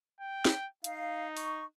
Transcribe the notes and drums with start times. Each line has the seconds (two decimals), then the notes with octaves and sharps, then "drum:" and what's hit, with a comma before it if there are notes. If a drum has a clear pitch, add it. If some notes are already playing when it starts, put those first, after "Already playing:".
0.20 G5
0.45 drum: snare
0.84 D#4 F5, drum: hi-hat
1.37 C#6, drum: open hi-hat